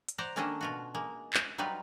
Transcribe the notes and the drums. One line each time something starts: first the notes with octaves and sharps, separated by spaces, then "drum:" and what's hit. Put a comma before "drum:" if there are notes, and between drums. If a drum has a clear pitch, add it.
drum: hi-hat
C5 D5 F#5 A#5
D#3 A#3 C#4 D4 A4 D#5
B2 F4 F#4
G#3 A#3
drum: clap
F#3 G3 D#4 F4 B4